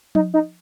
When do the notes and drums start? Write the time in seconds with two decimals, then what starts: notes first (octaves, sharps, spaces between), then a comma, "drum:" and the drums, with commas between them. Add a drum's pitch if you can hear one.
0.15 D#4, drum: tom F3
0.34 D#4